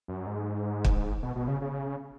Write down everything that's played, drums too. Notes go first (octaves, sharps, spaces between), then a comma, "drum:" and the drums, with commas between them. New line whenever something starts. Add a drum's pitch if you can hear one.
F#2
G#2
drum: kick
B2
B2
C#3
C#3